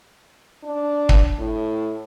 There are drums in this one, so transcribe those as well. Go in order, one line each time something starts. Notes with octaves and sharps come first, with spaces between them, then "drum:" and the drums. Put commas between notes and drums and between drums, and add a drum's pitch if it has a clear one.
D4
drum: kick
A2